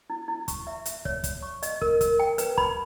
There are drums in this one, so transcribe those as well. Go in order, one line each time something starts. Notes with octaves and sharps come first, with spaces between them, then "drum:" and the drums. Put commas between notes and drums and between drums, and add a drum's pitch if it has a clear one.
E4
E4
C#6, drum: kick, hi-hat
E5
E5, drum: hi-hat
C#5, drum: kick
C#5, drum: kick, hi-hat
C#6
D#5, drum: hi-hat
A#4, drum: kick
A#4, drum: kick, hi-hat
G5
B4, drum: hi-hat
B5, drum: kick